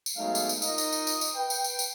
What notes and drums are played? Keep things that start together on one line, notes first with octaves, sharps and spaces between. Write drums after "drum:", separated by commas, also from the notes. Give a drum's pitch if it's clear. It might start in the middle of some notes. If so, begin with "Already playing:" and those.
drum: tambourine
F#3 G#3 A3 B3 D#4 F5
drum: tambourine
drum: tambourine
D#4 F4 A#4 D#5, drum: tambourine
drum: tambourine
drum: tambourine
drum: tambourine
drum: tambourine
B4 G5
drum: tambourine
drum: tambourine
drum: tambourine